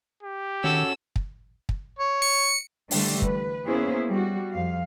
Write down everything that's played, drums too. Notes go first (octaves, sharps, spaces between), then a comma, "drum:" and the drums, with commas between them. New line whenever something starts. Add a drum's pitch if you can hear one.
G4
D#3 C#4 F#4 A4 E6
drum: kick
drum: kick
C#5
C#7
D3 E3 G3 A3 D4, drum: open hi-hat
B4, drum: kick
A#3 B3 C#4 E4 G#4 C5
G3 F#4
F2 F5